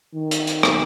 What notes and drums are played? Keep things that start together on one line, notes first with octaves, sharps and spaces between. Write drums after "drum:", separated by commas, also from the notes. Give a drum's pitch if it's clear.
D#3
drum: hi-hat
drum: hi-hat
drum: rim click